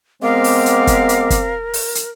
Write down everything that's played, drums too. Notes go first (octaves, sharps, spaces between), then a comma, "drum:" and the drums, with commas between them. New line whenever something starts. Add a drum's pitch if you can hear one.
G#3 B3 C4 A#4 F5 D6
drum: open hi-hat
drum: hi-hat
drum: kick, hi-hat
drum: hi-hat
drum: kick, hi-hat
drum: open hi-hat
drum: hi-hat